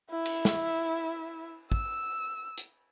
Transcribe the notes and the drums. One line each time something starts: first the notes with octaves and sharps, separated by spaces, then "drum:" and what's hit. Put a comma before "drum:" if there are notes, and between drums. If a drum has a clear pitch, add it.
E4 E5
drum: cymbal
drum: snare
E6, drum: kick
drum: hi-hat